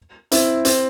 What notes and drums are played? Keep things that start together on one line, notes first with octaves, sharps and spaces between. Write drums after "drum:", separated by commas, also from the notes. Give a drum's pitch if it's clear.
C4 E4, drum: hi-hat
C4, drum: hi-hat